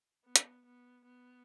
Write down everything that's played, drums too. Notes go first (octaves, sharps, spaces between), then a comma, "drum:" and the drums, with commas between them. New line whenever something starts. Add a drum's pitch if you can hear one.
B3
drum: hi-hat
B3
B3